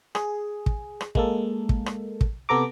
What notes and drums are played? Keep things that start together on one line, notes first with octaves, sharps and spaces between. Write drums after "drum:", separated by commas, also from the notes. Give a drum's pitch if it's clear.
G#4, drum: rim click
drum: kick
drum: rim click
G#3 A#3 A4, drum: kick
drum: kick
drum: rim click
drum: kick
C3 B3 A4 A#5 D6